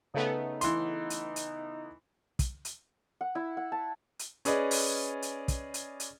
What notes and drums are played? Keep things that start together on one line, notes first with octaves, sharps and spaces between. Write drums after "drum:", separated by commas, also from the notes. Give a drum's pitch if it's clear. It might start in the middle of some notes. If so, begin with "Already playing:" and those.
C#3 A3 B3 D#4
E3 C6, drum: hi-hat
drum: hi-hat
drum: hi-hat
drum: kick, hi-hat
drum: hi-hat
F#5
E4
F#5
A5
drum: hi-hat
C#4 G#4 B4 D5 D#5, drum: hi-hat
drum: open hi-hat
drum: hi-hat
drum: kick, hi-hat
drum: hi-hat
drum: hi-hat